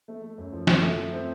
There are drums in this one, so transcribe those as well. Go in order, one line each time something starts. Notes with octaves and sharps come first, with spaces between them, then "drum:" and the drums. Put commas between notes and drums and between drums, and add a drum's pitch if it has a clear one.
A3
A3
F#2
F3
F3, drum: snare
A3
F3
C4